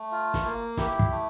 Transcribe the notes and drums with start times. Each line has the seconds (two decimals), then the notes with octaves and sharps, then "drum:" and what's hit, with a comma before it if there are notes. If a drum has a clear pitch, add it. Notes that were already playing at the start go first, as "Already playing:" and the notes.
Already playing: A3
0.11 F4
0.34 drum: snare
0.45 A#3
0.77 E4 G4, drum: snare
0.99 drum: kick
1.10 A3